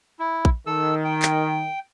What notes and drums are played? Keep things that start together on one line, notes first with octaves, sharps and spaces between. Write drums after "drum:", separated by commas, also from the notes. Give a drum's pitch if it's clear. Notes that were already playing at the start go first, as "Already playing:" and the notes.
E4
drum: kick
D#3 A4 E6
G5
drum: clap